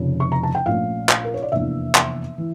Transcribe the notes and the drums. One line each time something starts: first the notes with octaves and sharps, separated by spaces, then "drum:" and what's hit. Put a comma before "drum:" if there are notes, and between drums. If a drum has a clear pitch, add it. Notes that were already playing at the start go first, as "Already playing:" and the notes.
Already playing: F1 F2 C#3 F3
C#6
A#5
A5
G5
A#1 A#2 A3 C#4 F5
F5, drum: clap
A#4
C#5
D5
F1 E2 E3 A#3 D4 E5
drum: clap
E3